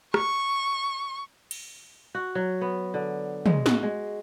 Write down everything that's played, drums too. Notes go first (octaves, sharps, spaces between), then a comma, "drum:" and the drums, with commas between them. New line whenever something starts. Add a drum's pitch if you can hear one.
C#6, drum: rim click
drum: cymbal
F#4
F#3
B3
D3
G#3, drum: tom
F#4, drum: snare
G#3